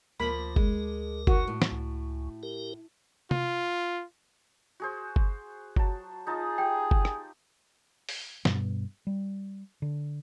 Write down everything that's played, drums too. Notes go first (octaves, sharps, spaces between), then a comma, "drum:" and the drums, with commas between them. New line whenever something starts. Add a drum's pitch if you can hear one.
D2 F3 A#3 A#4 B5
G#3, drum: kick G1
D#3 F#4, drum: kick G1
A2
drum: snare
C#2
G4 A#4
F4, drum: tom C3
F#4 G#4 C5
drum: kick G1
F#3 A5, drum: kick G1
D#4 F4 G#4 A5
G4 G5
drum: kick G1
drum: rim click
drum: open hi-hat
G2 B2, drum: snare
G3
D3